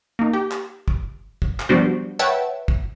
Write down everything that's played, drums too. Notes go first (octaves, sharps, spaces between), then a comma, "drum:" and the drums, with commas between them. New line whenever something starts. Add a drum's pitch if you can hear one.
A#3 D#4
G4
drum: clap
drum: kick
drum: kick
drum: clap
F3 G3 B3 D4 F#4 C5
B4 C#5 E5 F#5 G5 A5
drum: kick